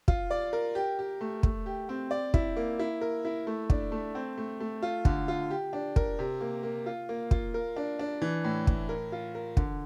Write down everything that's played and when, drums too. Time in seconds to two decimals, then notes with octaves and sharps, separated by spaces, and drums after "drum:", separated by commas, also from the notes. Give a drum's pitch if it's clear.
0.08 F4, drum: kick
0.31 D5
0.53 A#4
0.75 G4
0.99 G4
1.21 A3
1.43 A3, drum: kick
1.66 G4
1.89 C4
2.11 D5
2.34 E4, drum: kick
2.57 A#3
2.79 E4
3.01 A#4
3.25 E4
3.47 A3
3.70 D4, drum: kick
3.92 A3
4.15 C4
4.38 A3
4.60 A3
4.83 F4
5.05 D3, drum: kick
5.28 F4
5.50 G4
5.73 D4
5.96 A#4, drum: kick
6.19 C3
6.41 A#3
6.63 A#3
6.86 F4
7.09 A#3
7.31 F4, drum: kick
7.54 A#4
7.76 D4
7.99 D4
8.22 E3
8.44 A2
8.67 A2, drum: kick
8.89 A#4
9.12 F4
9.35 A#4
9.57 D3, drum: kick